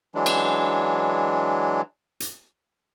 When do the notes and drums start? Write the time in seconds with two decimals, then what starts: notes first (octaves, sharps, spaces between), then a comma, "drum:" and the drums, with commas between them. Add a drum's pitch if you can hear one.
0.15 E3 F#3 G#3 D4
0.26 drum: cymbal
2.20 drum: hi-hat